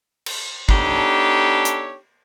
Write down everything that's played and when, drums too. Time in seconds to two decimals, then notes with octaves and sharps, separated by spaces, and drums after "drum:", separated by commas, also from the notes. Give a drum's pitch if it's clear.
0.26 drum: cymbal
0.69 B3 D4 D#4 G4 A4 C#5, drum: kick G1
1.65 drum: hi-hat